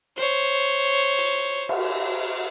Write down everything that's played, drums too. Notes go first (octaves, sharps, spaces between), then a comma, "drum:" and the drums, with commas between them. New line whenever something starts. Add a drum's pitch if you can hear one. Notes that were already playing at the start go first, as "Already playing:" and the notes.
C5 C#5, drum: hi-hat
drum: cymbal
drum: cymbal